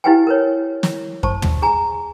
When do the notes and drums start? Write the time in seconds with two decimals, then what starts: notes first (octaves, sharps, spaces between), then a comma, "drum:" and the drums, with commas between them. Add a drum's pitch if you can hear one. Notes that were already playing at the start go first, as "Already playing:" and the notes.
0.04 E4 G4 B4 F5 G5 G#5
0.27 A#4 B4 C#5
0.83 drum: snare
1.23 C5 A5 C#6, drum: kick F#2
1.42 drum: tom
1.62 G#4 G#5 A#5